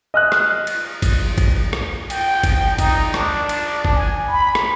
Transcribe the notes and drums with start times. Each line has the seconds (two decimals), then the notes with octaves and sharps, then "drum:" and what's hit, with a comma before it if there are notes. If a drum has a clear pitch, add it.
0.14 D#5 F6 F#6
0.32 drum: rim click
0.67 drum: cymbal
1.02 drum: kick, cymbal
1.38 drum: kick, cymbal
1.73 drum: rim click
2.10 G5, drum: cymbal
2.43 drum: kick, cymbal
2.78 D#4, drum: kick, cymbal
3.14 D4, drum: rim click
3.49 drum: cymbal
3.85 drum: kick
3.95 G#5
4.27 B5
4.55 drum: rim click